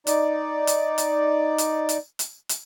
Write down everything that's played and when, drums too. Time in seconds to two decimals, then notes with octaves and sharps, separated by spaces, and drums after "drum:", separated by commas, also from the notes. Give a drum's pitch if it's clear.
0.07 D#4 D5, drum: hi-hat
0.67 drum: hi-hat
0.98 drum: hi-hat
1.58 drum: hi-hat
1.89 drum: hi-hat
2.19 drum: hi-hat
2.49 drum: hi-hat